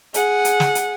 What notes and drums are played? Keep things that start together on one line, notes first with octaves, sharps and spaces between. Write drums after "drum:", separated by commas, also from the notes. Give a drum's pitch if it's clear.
G#4 F#5, drum: hi-hat
drum: hi-hat
drum: snare
drum: hi-hat